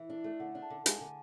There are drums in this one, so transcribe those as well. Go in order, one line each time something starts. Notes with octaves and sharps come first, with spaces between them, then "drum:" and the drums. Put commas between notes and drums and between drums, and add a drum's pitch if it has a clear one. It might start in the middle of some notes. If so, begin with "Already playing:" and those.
Already playing: E3 E5
D4
A3
D3 F#5
D4
A5
D3
G#3 G#5, drum: hi-hat
D3 G#5